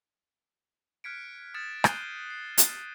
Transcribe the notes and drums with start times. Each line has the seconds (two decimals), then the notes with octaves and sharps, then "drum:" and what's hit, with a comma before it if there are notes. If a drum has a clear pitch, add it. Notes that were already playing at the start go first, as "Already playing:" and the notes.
1.04 F6 F#6 G#6 B6 C#7 D7
1.54 D#6 F6 G#6 A6 C#7 E7
1.84 D#6 F#6 G6 C7 D#7 G7, drum: rim click
2.30 C7
2.58 drum: hi-hat